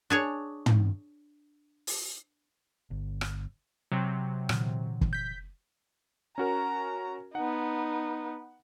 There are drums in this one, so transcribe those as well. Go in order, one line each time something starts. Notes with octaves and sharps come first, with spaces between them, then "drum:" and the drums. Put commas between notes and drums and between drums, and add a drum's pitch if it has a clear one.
D4 G#4 C#5
drum: tom
drum: open hi-hat
G1
drum: rim click
C3 F#3
A#2 D3 E3, drum: rim click
drum: kick
G6 B6
C#4 F#4 A#4 A#5
B3 D#4 F#5